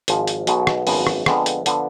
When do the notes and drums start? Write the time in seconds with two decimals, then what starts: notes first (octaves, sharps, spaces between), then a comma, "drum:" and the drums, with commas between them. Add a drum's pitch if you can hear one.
0.08 G#1 G#2 F3, drum: hi-hat
0.27 drum: hi-hat
0.47 B1 B2 G#3 D#4 F#4, drum: hi-hat
0.67 drum: rim click
0.87 G#1 F#2 F3 B3, drum: open hi-hat
1.07 drum: rim click
1.26 F2 D3 G#3 B3 F4, drum: rim click
1.46 drum: hi-hat
1.66 D3 F3 B3, drum: hi-hat